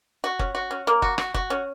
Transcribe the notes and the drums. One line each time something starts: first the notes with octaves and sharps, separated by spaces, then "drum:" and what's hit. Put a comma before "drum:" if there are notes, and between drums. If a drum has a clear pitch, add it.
F#4
C#4, drum: kick F#1
F#4
C#4
A#3
F#4, drum: kick F#1
F#4, drum: rim click
F#4, drum: kick F#1
C#4